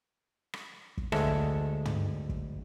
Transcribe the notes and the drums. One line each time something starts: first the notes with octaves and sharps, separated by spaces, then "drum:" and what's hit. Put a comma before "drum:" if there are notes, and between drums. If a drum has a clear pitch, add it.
drum: rim click
drum: kick
D2 G#3 A4 E5, drum: rim click
drum: kick
drum: tom
drum: kick